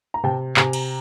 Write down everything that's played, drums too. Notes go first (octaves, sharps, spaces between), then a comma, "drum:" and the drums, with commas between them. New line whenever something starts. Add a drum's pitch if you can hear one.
A#5
C3 G5 A5
C3 G#5 A#5, drum: clap
drum: cymbal